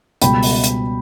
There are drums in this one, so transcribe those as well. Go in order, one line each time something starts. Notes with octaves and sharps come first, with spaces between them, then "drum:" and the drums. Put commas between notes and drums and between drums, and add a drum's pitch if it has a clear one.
C#2 B2 G3 G5 B5, drum: hi-hat
drum: open hi-hat
drum: hi-hat